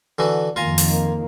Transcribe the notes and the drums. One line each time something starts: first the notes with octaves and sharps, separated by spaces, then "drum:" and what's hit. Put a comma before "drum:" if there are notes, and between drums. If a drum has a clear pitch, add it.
D3 E3 F#4
F2 D#3 A#3 F4 G#5 A#5
drum: open hi-hat